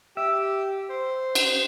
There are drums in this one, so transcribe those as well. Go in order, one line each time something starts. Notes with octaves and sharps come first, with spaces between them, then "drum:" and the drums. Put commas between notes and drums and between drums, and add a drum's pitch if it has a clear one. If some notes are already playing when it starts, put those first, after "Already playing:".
G4 E5
C5
drum: cymbal